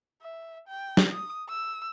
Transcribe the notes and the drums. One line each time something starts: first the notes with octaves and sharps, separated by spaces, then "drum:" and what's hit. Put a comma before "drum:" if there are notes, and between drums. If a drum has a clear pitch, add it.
E5
G5
drum: snare
D#6
E6